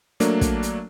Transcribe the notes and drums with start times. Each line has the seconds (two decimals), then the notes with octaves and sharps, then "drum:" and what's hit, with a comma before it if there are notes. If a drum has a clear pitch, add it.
0.20 F#3 A3 A#3 D4, drum: hi-hat
0.41 drum: kick, hi-hat
0.63 drum: hi-hat